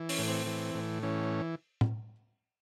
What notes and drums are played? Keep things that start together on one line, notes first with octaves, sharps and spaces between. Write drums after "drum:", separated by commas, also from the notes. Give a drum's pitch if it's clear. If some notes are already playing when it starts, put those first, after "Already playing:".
Already playing: E3
C#4, drum: open hi-hat
A2
C4
E3
A2
E3 C#4
drum: tom